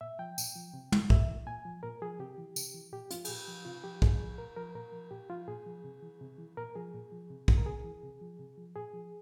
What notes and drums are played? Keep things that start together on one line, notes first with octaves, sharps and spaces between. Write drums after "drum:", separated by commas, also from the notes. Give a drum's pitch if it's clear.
A#2 E5
F3 G5
A#2, drum: tambourine
F3
C3
E3, drum: tom
C3 E5, drum: kick
E3
A#2 G#5
F3
A#2 A#4
F3 G#4
C3 G4
E3
C3, drum: tambourine
E3
A#2 G4
F3 F4, drum: hi-hat
G#4, drum: cymbal
A#2 G4
F3
C3 F4
F3 G4
C3 G#4, drum: kick
F3
A#2 A#4
F3 A#4
A#2 A#4
F3
A#2 G4
F3 F4
A#2 G#4
F3
C3
E3
C3
E3
A#2 A#4
F3 G#4
A#2
F3
C3
E3, drum: kick
A#4
C3 G#4
E3
C3
F3
C3
F3
A#2 G#4
F3